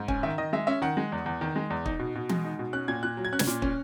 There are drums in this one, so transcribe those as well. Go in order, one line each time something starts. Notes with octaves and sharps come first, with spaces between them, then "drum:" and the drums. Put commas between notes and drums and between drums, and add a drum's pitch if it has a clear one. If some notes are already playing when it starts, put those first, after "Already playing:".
Already playing: G#2
C#4 G#5, drum: kick
D#3 E5
D#3 D#5
G#3 E5
C#4 E5
D#3 F#5
G#3
E2
E2
D#3
G#3
E2
D#4, drum: kick
B2
B2
G#3, drum: tom E3
D#4
B2
C#4 F#6
A#2 G#6
A#2 F#6
F#3
G#6
C#4 F#6
G#6, drum: snare
A#2
C#4, drum: kick